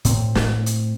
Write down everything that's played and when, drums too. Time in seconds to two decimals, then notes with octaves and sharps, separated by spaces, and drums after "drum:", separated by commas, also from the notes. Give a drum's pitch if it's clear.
0.05 A2 C4, drum: hi-hat
0.35 drum: snare
0.66 drum: hi-hat